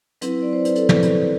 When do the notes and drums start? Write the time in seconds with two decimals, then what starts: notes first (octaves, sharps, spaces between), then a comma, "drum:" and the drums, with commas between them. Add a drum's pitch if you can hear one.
0.21 F#3 C4 E4 B4, drum: hi-hat
0.42 D5
0.53 C5
0.65 B4, drum: hi-hat
0.75 A4, drum: hi-hat
0.89 drum: tom
1.02 drum: hi-hat
1.21 A4